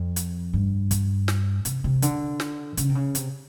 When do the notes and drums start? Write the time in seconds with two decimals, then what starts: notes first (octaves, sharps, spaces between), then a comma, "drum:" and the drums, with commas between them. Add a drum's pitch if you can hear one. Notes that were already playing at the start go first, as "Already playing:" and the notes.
Already playing: F2
0.16 drum: hi-hat
0.53 G2
0.91 drum: kick, hi-hat
1.28 drum: snare
1.65 C3, drum: hi-hat
1.84 C3
2.02 D3, drum: hi-hat
2.40 drum: snare
2.77 C#3, drum: hi-hat
2.89 C3
2.95 C#3
3.15 C3, drum: hi-hat